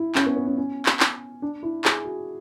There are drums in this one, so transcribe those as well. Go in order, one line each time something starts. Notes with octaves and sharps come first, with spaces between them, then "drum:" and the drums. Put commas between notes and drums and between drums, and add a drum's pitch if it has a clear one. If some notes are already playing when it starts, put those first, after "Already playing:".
Already playing: E4
C#4, drum: clap
B3
B3
C#4
C#4
drum: clap
drum: clap
D4
E4
G#4, drum: clap
F#4